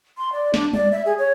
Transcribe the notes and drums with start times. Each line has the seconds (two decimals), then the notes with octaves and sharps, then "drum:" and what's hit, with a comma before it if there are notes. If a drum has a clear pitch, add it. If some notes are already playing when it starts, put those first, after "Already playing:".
0.18 C6
0.32 D5
0.54 D4, drum: snare
0.73 D5, drum: tom G3
0.92 E5
1.06 G#4
1.18 C#5